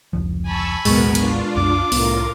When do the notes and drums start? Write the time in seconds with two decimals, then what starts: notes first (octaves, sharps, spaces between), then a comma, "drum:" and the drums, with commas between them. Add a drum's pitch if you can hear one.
0.13 F1 C#2 F3
0.45 G#5 A5 B5 C#6 E6
0.85 A1 D#2 B2 F#3 G#3 B3 A#4 C#6, drum: open hi-hat
1.15 D4 F4, drum: cymbal
1.55 C2 F#2 D6
1.92 C2 A2 B3 F4 A#4, drum: open hi-hat